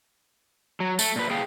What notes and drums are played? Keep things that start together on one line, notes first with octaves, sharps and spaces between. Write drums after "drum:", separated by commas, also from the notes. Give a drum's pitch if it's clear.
F#3
A3, drum: tambourine
A#2 B4
A#3 G#4 F5 G5